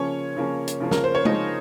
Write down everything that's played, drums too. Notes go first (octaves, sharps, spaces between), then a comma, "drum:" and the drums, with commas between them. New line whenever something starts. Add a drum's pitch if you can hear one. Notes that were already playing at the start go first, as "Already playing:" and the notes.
Already playing: C#3 F3 A#3 C#4 C#5
C#3 F3 A#3 C#4
drum: hi-hat
C#3 F3 A#3 C#4
A#4, drum: snare
C5
C#5
C#3 F3 A#3 C#4 D#4 D#5, drum: tom G#3